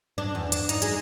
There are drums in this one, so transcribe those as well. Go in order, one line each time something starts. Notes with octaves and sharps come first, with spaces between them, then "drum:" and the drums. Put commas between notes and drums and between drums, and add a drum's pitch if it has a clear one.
D4
E2
D4, drum: hi-hat
D#4, drum: hi-hat
G#3, drum: hi-hat